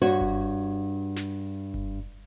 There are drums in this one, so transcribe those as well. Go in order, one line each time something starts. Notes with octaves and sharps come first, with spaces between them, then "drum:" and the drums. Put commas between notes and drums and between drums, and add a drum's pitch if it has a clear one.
G2 F#4 C#5
drum: kick F#1
drum: snare
drum: kick F#1